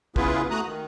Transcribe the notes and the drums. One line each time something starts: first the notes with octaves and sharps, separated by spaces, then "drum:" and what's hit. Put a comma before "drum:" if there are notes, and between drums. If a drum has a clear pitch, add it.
C#3 B3 E4 F4 G#4 B4, drum: kick
A3 F#4 A#5 D#6 F#6
D#3